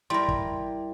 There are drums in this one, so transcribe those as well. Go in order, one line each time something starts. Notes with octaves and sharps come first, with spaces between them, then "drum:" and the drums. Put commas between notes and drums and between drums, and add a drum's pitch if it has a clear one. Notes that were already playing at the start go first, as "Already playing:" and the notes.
G3 E4 A#4 C6
drum: kick